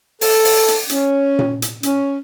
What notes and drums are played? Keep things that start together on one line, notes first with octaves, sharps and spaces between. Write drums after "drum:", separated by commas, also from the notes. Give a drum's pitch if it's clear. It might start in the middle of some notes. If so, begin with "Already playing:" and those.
A4, drum: open hi-hat
drum: open hi-hat
drum: hi-hat
C#4, drum: hi-hat
drum: tom A#2
drum: hi-hat
C#4, drum: hi-hat